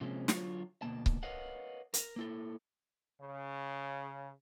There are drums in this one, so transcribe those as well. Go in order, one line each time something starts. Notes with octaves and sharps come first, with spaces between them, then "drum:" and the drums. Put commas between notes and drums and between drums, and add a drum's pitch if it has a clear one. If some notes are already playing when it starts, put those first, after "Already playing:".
C3 F3 G#3 A#3 C4 C#4
D3 F#3 F4 C#5, drum: snare
D2 B2 A#3 A5
drum: kick C#1
A#4 B4 C#5 D#5 F5 F#5
A#4, drum: hi-hat
A#3 E4 A4
C#3